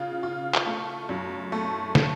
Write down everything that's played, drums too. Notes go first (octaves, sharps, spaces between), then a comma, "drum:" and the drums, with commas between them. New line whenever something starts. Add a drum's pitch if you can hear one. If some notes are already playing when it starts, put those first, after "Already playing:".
Already playing: C#3 F4
F4
drum: clap
A3
F#2
A3
A3, drum: snare